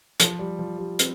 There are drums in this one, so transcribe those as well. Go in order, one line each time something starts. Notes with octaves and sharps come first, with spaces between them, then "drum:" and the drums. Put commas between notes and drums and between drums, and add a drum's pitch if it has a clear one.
F3, drum: hi-hat
G3
F3
G3
C4, drum: hi-hat